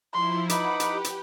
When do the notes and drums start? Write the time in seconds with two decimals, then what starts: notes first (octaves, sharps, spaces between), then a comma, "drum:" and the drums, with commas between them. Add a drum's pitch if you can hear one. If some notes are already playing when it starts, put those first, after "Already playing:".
0.14 F3 E4 C6
0.49 D#4 B4 F#5 B5 D6, drum: hi-hat
0.80 G4, drum: hi-hat
1.04 drum: hi-hat